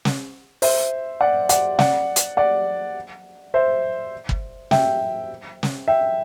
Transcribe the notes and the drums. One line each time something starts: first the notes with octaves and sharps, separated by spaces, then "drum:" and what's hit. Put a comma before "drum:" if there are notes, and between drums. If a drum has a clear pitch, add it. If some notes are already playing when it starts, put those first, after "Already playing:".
drum: snare
C5 E5, drum: open hi-hat
D5 F#5
D5 F#5, drum: hi-hat
D5 F#5, drum: snare
drum: hi-hat
D5 F#5
C5 E5
drum: kick
E5 G5, drum: snare
drum: snare
E5 G5